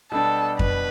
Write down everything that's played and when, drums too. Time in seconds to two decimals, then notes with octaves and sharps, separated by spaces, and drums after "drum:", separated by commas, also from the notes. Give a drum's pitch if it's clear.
0.12 B2 G3 B3 D4 G4 A4
0.59 B4, drum: kick F2